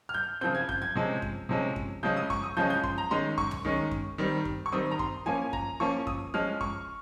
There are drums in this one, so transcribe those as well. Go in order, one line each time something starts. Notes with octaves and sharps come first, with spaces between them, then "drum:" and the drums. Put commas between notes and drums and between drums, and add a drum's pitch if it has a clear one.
F6
G6
C#3 F3 C4 G6
G#6
G6, drum: kick F#2
G#6
C3 F3 G#3 C#4
drum: kick F#2
C3 F3 G#3 C#4
drum: kick F#2
C#3 F3 G#3 C#4 G6
D#6
C#6, drum: kick F#2
D#6
C#3 F3 G#3 C#4 G6
G6
C6, drum: kick F#2
A#5
D#3 G#3 C#4 C6
C#6, drum: kick F#2
drum: tom
D#3 G#3 C#4
drum: kick F#2
D#3 G3 C4
drum: kick F#2
C#6
D#3 G3 C4 D#6
A#5
C6, drum: kick F#2
F3 A#3 C#4 G#5
A#5, drum: kick F#2
F3 A#3 C#4 C#6
D#6, drum: kick F#2
F3 G#3 C#4 F6
C#6, drum: kick F#2